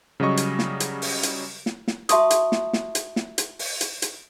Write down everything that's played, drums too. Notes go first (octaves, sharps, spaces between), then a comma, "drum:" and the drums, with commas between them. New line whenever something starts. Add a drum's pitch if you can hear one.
C#3 F#3 G3 D#5 C#6
drum: hi-hat
drum: snare
drum: hi-hat
drum: open hi-hat
drum: hi-hat
drum: snare
drum: snare
F#4 E5 A5 C6 C#6 D#6, drum: hi-hat
drum: hi-hat
drum: snare
drum: snare
drum: hi-hat
drum: snare
drum: hi-hat
drum: open hi-hat
drum: hi-hat
drum: hi-hat